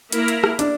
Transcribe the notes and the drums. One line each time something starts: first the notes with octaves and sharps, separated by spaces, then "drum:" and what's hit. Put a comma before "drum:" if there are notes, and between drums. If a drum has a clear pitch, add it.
A#3 E4 A#4, drum: hi-hat
drum: hi-hat
drum: rim click
D4, drum: hi-hat